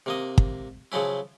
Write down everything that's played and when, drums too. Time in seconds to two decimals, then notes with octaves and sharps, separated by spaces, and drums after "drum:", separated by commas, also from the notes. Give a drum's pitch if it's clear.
0.06 C3 A#3 D#5
0.38 drum: kick
0.92 C#3 F3 F#3 C#4 E4